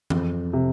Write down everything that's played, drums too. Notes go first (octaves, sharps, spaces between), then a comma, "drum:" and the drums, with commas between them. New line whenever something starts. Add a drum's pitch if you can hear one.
F2, drum: tom E3
C3